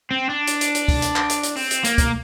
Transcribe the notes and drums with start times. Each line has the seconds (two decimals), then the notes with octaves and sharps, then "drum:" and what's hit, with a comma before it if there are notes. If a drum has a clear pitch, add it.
0.11 C4
0.29 D4
0.47 drum: hi-hat
0.61 drum: hi-hat
0.75 drum: hi-hat
0.88 drum: kick C#2, open hi-hat
1.02 drum: hi-hat
1.16 drum: clap
1.29 drum: hi-hat
1.43 drum: hi-hat
1.56 C4, drum: open hi-hat
1.71 drum: hi-hat
1.84 A#3, drum: hi-hat
1.98 drum: kick C#2, hi-hat